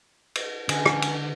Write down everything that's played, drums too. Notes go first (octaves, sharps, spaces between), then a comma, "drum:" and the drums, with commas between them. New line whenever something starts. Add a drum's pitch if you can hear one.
drum: cymbal
D3 C#4, drum: cymbal
drum: rim click
drum: cymbal